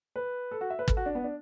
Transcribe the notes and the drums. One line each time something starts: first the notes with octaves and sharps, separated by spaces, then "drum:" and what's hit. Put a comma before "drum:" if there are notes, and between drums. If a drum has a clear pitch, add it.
B4
A4
F#4
E5
B4
A4, drum: kick
F#4
D4
B3
D4